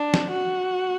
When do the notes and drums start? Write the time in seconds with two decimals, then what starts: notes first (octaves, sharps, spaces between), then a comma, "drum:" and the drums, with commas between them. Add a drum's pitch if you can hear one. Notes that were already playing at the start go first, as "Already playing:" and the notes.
Already playing: D4
0.14 drum: snare
0.31 F#4